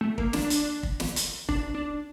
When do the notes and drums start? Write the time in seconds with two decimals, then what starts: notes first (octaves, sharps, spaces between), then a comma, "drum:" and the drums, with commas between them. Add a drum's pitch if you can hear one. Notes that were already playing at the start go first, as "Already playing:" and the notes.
0.01 A3
0.18 A#3, drum: kick
0.33 D4, drum: snare
0.50 drum: hi-hat
0.83 drum: kick
1.00 drum: snare
1.16 drum: hi-hat
1.49 D4, drum: kick
1.75 D4